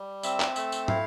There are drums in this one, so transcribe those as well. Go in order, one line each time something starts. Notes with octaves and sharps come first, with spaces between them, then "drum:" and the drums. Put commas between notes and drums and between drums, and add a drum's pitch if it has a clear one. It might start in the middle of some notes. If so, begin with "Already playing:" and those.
Already playing: G3
C4 E5, drum: tambourine
drum: clap
A3 E5, drum: tambourine
drum: tambourine
E4 F5, drum: tom